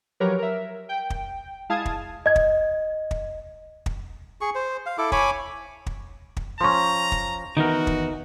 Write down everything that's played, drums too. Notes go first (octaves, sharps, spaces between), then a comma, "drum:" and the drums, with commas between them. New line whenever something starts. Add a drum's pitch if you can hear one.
F3 F#3 G4 A#4 B4 C#5
A#4 E5
G5
drum: kick
G#3 E4 F5 A5 D#6 G#6
drum: kick
D#5 G#6
drum: kick
drum: kick
drum: kick
G#4 C#6
C5
F5
E4 A4 D6
C#5 G#5 B5 D6, drum: kick
drum: kick
drum: kick
F3 C#4 A#5 C6 C#6
drum: kick
D#3 E3 B3 D#4 F#4 A#4
drum: kick